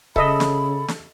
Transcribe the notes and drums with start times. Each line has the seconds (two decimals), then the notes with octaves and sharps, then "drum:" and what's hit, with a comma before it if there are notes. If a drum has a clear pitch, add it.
0.16 C#3 A4 D#5 E5 B5, drum: kick C#1
0.40 drum: snare
0.88 drum: snare